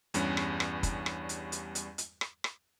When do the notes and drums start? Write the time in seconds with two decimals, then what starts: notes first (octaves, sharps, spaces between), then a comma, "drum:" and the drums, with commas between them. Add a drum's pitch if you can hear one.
0.14 E2 G2 G3 C#4, drum: hi-hat
0.37 drum: rim click
0.60 drum: rim click
0.83 drum: kick, hi-hat
1.06 drum: rim click
1.29 drum: hi-hat
1.52 drum: hi-hat
1.75 drum: hi-hat
1.98 drum: hi-hat
2.21 drum: rim click
2.44 drum: rim click